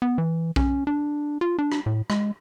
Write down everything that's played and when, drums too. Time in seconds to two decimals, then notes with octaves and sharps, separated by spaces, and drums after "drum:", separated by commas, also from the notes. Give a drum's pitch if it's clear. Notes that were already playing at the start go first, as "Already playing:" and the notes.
0.02 B3
0.18 E3
0.56 C#4, drum: kick B1
0.87 D4
1.41 F4
1.59 D4
1.72 drum: rim click
1.86 A2
2.10 G#3, drum: rim click